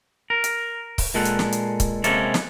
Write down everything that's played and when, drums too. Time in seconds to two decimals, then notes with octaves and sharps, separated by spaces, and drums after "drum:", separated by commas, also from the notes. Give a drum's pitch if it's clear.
0.30 A#4
0.44 drum: hi-hat
0.98 drum: kick C#1, open hi-hat
1.14 A#2 G#3 A4 F#5
1.25 drum: hi-hat
1.39 drum: snare
1.52 drum: hi-hat
1.80 drum: kick C#1, hi-hat
2.04 C3 G#3 A#3 C#4 A4, drum: hi-hat
2.34 drum: snare